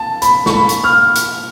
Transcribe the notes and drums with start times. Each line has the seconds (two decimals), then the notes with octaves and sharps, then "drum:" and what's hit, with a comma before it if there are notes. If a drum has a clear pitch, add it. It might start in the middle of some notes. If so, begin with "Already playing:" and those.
Already playing: A5
0.22 B5, drum: hi-hat
0.46 C#6, drum: snare
0.53 B5
0.69 drum: hi-hat
0.84 F6
1.15 drum: hi-hat